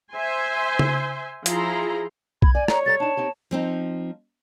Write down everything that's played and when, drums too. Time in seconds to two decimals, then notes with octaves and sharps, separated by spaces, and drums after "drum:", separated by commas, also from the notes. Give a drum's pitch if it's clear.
0.12 C5 E5 G#5 C6
0.79 drum: tom C#3
1.46 F3 E4 G#4 A#5 C6, drum: hi-hat
2.42 B5 G#6, drum: kick B1
2.55 D5 G#5
2.68 C#5 A#5, drum: rim click
2.86 G3 A4 A#5 A6
3.00 D4 D#4 A5
3.17 C4 D#4 G4
3.51 F3 C4 D#4